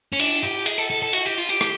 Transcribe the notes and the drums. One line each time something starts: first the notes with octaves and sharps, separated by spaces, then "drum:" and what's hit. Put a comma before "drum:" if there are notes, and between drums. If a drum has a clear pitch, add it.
C#4
D4, drum: cymbal
G4
G#4, drum: cymbal
A4
A4
A4
F#4, drum: cymbal
G4
F4
G4
drum: rim click